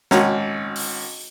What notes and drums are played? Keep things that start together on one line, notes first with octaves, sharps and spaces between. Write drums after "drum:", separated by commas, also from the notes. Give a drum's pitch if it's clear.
G#1 C#4 F#4 A#5, drum: snare
drum: open hi-hat